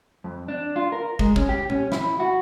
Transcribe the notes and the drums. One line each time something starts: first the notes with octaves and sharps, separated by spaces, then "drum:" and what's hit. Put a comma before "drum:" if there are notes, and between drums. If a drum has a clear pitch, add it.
F2
D4
F4
A#4
G#3, drum: kick
C#4, drum: kick
G4
C#4, drum: tom A#2
E4, drum: snare
F#4